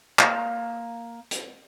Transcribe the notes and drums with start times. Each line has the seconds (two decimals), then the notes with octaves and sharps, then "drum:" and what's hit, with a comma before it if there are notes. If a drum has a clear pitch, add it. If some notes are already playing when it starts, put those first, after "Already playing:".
0.19 A#3 A#5, drum: clap
1.31 drum: hi-hat